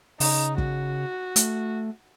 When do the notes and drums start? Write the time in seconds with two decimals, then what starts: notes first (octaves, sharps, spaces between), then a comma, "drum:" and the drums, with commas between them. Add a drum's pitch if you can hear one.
0.20 C#3 D#4, drum: open hi-hat
0.58 F#4, drum: kick
1.36 A3, drum: hi-hat